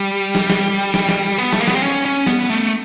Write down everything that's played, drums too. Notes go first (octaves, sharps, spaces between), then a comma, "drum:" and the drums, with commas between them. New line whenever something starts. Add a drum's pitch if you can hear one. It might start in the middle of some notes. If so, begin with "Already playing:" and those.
Already playing: G3
drum: snare
drum: snare
drum: snare
drum: snare
B3
A3, drum: snare
A#3
B3, drum: snare
C4
C#4
C#4
B3, drum: snare
A3